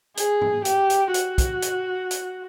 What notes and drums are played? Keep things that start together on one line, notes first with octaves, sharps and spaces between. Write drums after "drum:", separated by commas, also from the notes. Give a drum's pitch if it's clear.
G#4, drum: hi-hat
drum: tom
G4, drum: hi-hat
drum: hi-hat
F#4, drum: hi-hat
drum: kick, hi-hat
drum: hi-hat
drum: hi-hat